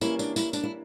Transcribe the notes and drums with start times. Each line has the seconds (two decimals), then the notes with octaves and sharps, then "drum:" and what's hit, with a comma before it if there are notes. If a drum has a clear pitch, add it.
0.01 E3 G3 A#3 C#4 E4, drum: tambourine
0.19 D4, drum: tambourine
0.36 E4, drum: tambourine
0.53 D4, drum: tambourine
0.63 E4